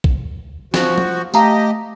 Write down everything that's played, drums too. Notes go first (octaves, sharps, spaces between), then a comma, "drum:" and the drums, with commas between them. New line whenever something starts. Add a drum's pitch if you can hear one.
drum: kick
F3 F#4, drum: snare
drum: tom F3
A3 G4 D#5 F5 A#5, drum: tambourine